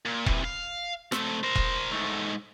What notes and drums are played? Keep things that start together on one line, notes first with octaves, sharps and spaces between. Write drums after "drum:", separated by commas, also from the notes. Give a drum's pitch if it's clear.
A#2
C3 E3, drum: kick E1
F5
A3 C4, drum: rim click
A#4 C5
drum: kick E1
G#2 A3